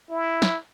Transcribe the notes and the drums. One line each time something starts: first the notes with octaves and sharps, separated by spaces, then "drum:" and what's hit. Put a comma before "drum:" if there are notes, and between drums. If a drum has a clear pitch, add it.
E4
drum: snare